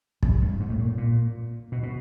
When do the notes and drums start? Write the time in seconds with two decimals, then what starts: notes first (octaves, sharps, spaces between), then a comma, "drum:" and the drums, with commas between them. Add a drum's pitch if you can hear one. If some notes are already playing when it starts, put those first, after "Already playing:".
0.23 F2, drum: kick
0.42 G2
0.60 G#2
0.69 A2
0.79 A#2
0.97 A#2
1.72 B2
1.83 B2